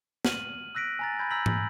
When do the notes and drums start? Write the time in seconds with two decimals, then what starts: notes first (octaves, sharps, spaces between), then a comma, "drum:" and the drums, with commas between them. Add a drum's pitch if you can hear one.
0.25 F6 D#7 F#7, drum: snare
0.75 E6 F#6 A#6 B6 D7
0.99 G#5 A#5 A6
1.19 B5 G6 G#6
1.31 A#5 E6 G6 A#6 B6 F#7
1.46 drum: tom G#2